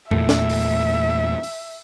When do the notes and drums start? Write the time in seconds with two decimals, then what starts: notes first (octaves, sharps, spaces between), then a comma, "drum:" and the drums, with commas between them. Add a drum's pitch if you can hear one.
0.11 E2 A#2 A3 E5, drum: tom F2
0.29 drum: snare
0.49 drum: open hi-hat
1.43 drum: open hi-hat